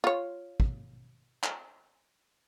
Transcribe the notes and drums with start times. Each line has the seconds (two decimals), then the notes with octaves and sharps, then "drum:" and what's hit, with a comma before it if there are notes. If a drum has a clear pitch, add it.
0.04 F4 C#5
0.60 drum: kick
1.44 drum: clap